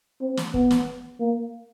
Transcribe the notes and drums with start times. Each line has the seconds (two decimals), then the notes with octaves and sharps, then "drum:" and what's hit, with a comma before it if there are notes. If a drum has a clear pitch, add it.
0.21 C4
0.37 drum: snare
0.54 B3, drum: kick
0.71 drum: snare
1.20 A#3